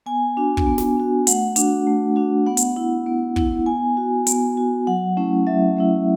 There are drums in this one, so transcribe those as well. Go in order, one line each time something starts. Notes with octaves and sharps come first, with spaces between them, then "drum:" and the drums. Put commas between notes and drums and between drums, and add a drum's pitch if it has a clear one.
B3 G#5
D4 F#4
drum: kick
B3
drum: snare
D4 F#4
A3 F#5, drum: hi-hat
D4 F#4, drum: hi-hat
A3
D4 F#4
B3 F#5
drum: hi-hat
E4
B3
E4, drum: kick
B3 G#5
F#4
B3, drum: hi-hat
F#4
F#3 F#5
A3 C#4 E4
F#3 E5
A3 C#4 E4